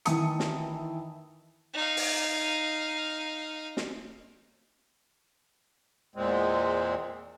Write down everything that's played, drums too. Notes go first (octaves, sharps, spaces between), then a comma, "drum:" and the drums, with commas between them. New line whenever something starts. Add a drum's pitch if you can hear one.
D#3 E3 E4 A5 D#6 C#7, drum: hi-hat
drum: snare
D#4 F5
drum: open hi-hat
drum: snare
E2 A#2 G#3 C4